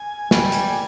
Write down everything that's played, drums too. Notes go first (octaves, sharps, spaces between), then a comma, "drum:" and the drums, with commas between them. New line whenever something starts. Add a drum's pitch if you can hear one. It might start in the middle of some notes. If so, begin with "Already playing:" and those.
Already playing: G#5
G3, drum: snare
drum: hi-hat